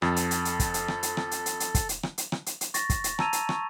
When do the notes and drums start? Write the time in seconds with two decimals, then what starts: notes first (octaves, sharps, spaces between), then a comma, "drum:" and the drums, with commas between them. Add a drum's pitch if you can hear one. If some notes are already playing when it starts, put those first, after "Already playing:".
0.02 F2 A4, drum: rim click
0.16 drum: hi-hat
0.31 drum: hi-hat
0.45 drum: hi-hat
0.60 drum: kick, hi-hat
0.74 drum: hi-hat
0.88 drum: rim click
1.03 drum: hi-hat
1.17 drum: rim click
1.31 drum: hi-hat
1.46 drum: hi-hat
1.60 drum: hi-hat
1.75 drum: kick, hi-hat
1.89 drum: hi-hat
2.03 drum: rim click
2.18 drum: hi-hat
2.32 drum: rim click
2.46 drum: hi-hat
2.61 drum: hi-hat
2.74 C#6 A6 A#6, drum: hi-hat
2.90 drum: kick, hi-hat
3.04 drum: hi-hat
3.19 A5 A#5 E6 G#6 D#7 F7, drum: rim click
3.33 drum: hi-hat
3.49 C#6, drum: rim click